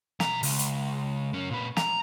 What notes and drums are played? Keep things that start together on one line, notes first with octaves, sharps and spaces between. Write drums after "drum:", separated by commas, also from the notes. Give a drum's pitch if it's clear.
B2 A#5, drum: snare
C#2, drum: open hi-hat
drum: hi-hat
F#2 C#4
A#2 B4
A#5, drum: snare